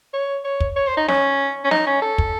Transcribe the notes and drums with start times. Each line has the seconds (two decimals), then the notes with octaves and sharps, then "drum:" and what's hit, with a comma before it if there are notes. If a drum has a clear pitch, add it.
0.14 C#5
0.45 C#5
0.60 drum: kick
0.77 C#5
0.87 C5
0.97 D#4
1.08 C#4, drum: snare
1.64 C#4
1.71 D#4, drum: snare
1.87 C#4
2.02 A4
2.18 drum: kick